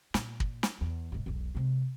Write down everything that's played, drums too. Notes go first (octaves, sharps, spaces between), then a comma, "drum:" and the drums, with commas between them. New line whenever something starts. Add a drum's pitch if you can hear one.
A#2, drum: snare
drum: kick
drum: snare
E2
E1 G#2
E1 B1
C3 G#3